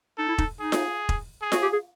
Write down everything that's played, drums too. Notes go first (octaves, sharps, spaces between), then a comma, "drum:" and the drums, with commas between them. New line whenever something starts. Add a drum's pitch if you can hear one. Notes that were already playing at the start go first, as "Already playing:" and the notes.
D#4 A4
E4
D#4, drum: kick E1
D#4 G#4
drum: snare F4
drum: kick E1
G#4
F#4, drum: snare F4
G4
G#4